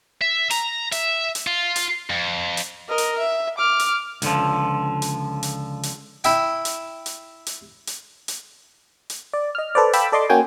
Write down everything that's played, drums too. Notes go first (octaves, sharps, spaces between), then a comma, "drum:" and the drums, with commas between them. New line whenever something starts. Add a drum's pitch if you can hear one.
E5
A#5, drum: hi-hat
E5, drum: hi-hat
drum: hi-hat
F4
drum: hi-hat
F2
drum: hi-hat
A#4 D#5
drum: hi-hat
E5
D6 F6
drum: hi-hat
C#2 D3 F3, drum: hi-hat
drum: hi-hat
drum: hi-hat
drum: hi-hat
E4 E5 G5, drum: hi-hat
drum: hi-hat
drum: hi-hat
drum: hi-hat
drum: hi-hat
drum: hi-hat
drum: hi-hat
D5
D#5 F6
A4 B4 C5 D5
F5 G5 A5 B5 D6 E6, drum: hi-hat
A4 D5 D#5 C6 D6
A#3 C#4 F#4 G5 G#5